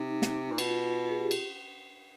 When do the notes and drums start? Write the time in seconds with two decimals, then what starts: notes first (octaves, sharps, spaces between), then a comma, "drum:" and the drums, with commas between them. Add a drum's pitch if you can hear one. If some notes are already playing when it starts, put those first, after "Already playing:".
Already playing: C3 D#4
0.22 drum: snare
0.51 A#2
0.58 B2 F4, drum: cymbal
1.10 G#4
1.20 G4
1.31 drum: cymbal